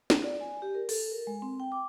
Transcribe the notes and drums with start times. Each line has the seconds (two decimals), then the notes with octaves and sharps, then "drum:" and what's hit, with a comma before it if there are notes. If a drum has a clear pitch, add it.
0.10 drum: snare
0.23 D5
0.40 G#5
0.62 G4
0.75 A#4
0.89 A4, drum: open hi-hat
1.12 A#4
1.27 G#3
1.42 C4
1.60 G5
1.72 D6